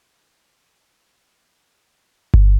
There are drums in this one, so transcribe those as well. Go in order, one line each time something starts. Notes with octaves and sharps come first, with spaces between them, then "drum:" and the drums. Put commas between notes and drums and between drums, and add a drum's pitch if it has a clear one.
C4 D4 E4 F#4 A#4
drum: kick G1